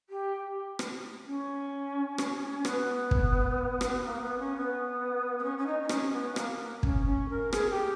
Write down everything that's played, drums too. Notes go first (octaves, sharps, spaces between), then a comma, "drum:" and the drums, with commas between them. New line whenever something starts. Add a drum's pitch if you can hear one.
G4
drum: rim click
C#4
drum: rim click
B3, drum: rim click
drum: kick
drum: rim click
A#3
B3
C#4
B3
B3
C#4
C#4
D#4
D#4
C#4, drum: rim click
B3
A#3, drum: rim click
C#4, drum: kick
C#4
A#4
G#4, drum: rim click
G4